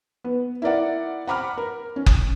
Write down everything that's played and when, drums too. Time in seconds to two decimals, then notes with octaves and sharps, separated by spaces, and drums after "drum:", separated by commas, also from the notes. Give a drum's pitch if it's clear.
0.24 B3
0.62 E4 A#4 D5 F#5
1.27 F#5 A#5 B5 D6 F6
1.58 A#4
1.96 C#4
2.06 drum: kick F#1